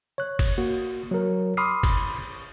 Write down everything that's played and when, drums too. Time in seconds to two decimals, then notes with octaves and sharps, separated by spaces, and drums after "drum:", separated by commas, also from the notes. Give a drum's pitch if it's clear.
0.18 C#5 F#6
0.39 drum: kick, cymbal
0.58 A#3 F#4
1.11 F#3 A#4
1.57 B5 C6 D6 D#6 F6 C7
1.83 drum: kick, cymbal